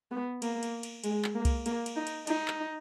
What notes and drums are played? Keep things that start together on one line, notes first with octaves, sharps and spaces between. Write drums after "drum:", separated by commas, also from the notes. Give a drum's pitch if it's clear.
B3
A#3, drum: cymbal
drum: cymbal
drum: cymbal
G#3, drum: cymbal
drum: clap
A#3
drum: kick C2, cymbal
A#3, drum: cymbal
drum: cymbal
D#4
drum: cymbal
D#4, drum: cymbal
drum: clap